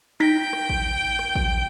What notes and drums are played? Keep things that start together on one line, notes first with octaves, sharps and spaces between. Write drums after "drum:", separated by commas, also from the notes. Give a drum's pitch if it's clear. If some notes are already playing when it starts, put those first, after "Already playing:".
D#4 G5 A#6 B6
drum: rim click
drum: kick A1
drum: rim click
drum: kick A1